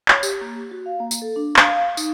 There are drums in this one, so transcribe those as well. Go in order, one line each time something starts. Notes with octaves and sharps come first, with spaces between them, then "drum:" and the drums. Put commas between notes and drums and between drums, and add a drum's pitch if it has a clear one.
C#5, drum: clap
G4, drum: tambourine
A#3
G4
F#4
F5
A#3
drum: tambourine
A4
D4
F5, drum: clap
F5
D#4, drum: tambourine